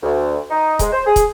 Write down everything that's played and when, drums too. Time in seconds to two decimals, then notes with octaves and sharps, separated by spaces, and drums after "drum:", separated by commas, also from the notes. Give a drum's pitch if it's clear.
0.03 D2
0.50 D#4
0.79 G#3, drum: kick, hi-hat
0.92 C5
1.05 G#4
1.16 drum: kick, hi-hat